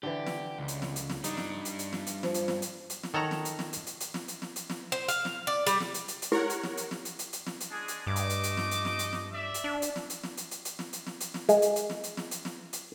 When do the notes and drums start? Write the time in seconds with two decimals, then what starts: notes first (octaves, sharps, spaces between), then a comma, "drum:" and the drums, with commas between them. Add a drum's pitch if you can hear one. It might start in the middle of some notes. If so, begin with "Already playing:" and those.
0.03 D3 E3 G4
0.27 drum: snare
0.59 C#2
0.68 drum: hi-hat
0.82 drum: snare
0.96 drum: hi-hat
1.10 drum: snare
1.24 G3 D4 D#4, drum: hi-hat
1.37 drum: snare
1.65 drum: hi-hat
1.79 drum: hi-hat
1.93 drum: snare
2.07 drum: hi-hat
2.23 F3, drum: snare
2.34 drum: hi-hat
2.48 drum: snare
2.62 drum: hi-hat
2.90 drum: hi-hat
3.03 drum: snare
3.14 D#3 A4 C#5 F#5 A#5
3.31 drum: snare
3.45 drum: hi-hat
3.59 drum: snare
3.73 drum: hi-hat
3.87 drum: hi-hat
4.00 drum: hi-hat
4.14 drum: snare
4.28 drum: hi-hat
4.42 drum: snare
4.56 drum: hi-hat
4.70 drum: snare
4.92 C5
5.09 F5, drum: hi-hat
5.25 drum: snare
5.47 D5
5.67 G3, drum: hi-hat
5.80 drum: snare
5.94 drum: hi-hat
6.08 drum: hi-hat
6.22 drum: hi-hat
6.32 E4 G4 A#4 C#5 F#5
6.50 drum: hi-hat
6.63 drum: snare
6.77 drum: hi-hat
6.91 drum: snare
7.05 drum: hi-hat
7.19 drum: hi-hat
7.33 drum: hi-hat
7.47 drum: snare
7.60 drum: hi-hat
7.70 G#3 D4 G#4
7.88 drum: hi-hat
8.07 G2 A3 D#5 D6
8.16 drum: hi-hat
8.30 drum: hi-hat
8.43 drum: hi-hat
8.57 drum: snare
8.71 drum: hi-hat
8.85 drum: snare
8.99 drum: hi-hat
9.13 drum: snare
9.32 D5 E5
9.54 drum: hi-hat
9.64 D4
9.82 drum: hi-hat
9.96 drum: snare
10.10 drum: hi-hat
10.24 drum: snare
10.37 drum: hi-hat
10.51 drum: hi-hat
10.65 drum: hi-hat
10.79 drum: snare
10.93 drum: hi-hat
11.07 drum: snare
11.20 drum: hi-hat
11.34 drum: snare
11.49 G#3, drum: hi-hat
11.62 drum: hi-hat
11.76 drum: hi-hat
11.90 drum: snare
12.04 drum: hi-hat
12.17 drum: snare
12.31 drum: hi-hat
12.45 drum: snare
12.73 drum: hi-hat